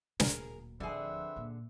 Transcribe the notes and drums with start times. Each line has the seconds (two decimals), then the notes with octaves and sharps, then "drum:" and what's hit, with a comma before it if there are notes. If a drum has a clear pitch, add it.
0.20 D1 A#2 G#4 A#4, drum: snare
0.80 D1 D3 F3 C4 G#4 B4 E5
1.36 A#2